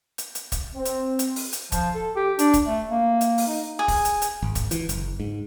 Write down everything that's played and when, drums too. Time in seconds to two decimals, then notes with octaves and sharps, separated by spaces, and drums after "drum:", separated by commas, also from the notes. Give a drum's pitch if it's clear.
0.18 drum: hi-hat
0.35 drum: hi-hat
0.52 drum: kick, hi-hat
0.75 C4
0.85 drum: hi-hat
1.19 drum: hi-hat
1.36 drum: open hi-hat
1.53 drum: hi-hat
1.72 F3, drum: kick, hi-hat
1.95 A4
2.16 G4
2.39 D4, drum: hi-hat
2.54 drum: kick, hi-hat
2.67 A3
2.91 A#3
3.21 drum: hi-hat
3.38 drum: open hi-hat
3.47 D#4
3.79 G#4
3.88 drum: kick, open hi-hat
4.05 drum: hi-hat
4.22 drum: hi-hat
4.42 G#1
4.55 drum: kick, hi-hat
4.71 E3, drum: hi-hat
4.89 F#1, drum: hi-hat
5.20 G#2